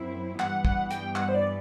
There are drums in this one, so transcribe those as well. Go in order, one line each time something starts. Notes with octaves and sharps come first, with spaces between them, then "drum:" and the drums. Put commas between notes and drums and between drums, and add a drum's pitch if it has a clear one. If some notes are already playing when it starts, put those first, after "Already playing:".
Already playing: F#2 F#3 C4 E4
G2 E3 G3 B3 F#5, drum: clap
F#5, drum: kick
G5, drum: hi-hat
F#5, drum: clap
C5
D5